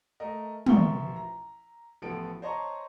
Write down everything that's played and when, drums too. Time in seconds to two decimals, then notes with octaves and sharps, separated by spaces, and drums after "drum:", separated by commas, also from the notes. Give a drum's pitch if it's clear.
0.20 A3 A#4 D#5
0.66 A1 F3 A#4 E5 C#6 G7, drum: tom
1.16 A#5
2.02 A1 F3 B3 A4 D7
2.42 C5 C#5 D#5 A5 A#5 C#6